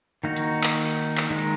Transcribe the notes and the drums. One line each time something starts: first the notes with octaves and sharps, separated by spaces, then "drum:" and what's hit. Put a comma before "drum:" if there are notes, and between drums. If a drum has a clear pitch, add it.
D#3 A#3 D#4 F#4
drum: hi-hat
drum: clap
drum: hi-hat
drum: clap
D#3 G#3 D#4